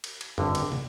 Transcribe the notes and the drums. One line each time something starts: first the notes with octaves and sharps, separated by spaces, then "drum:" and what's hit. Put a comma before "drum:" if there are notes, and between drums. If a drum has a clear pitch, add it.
drum: cymbal
drum: cymbal
G#1 G2 D3, drum: tom F2
drum: cymbal
drum: tom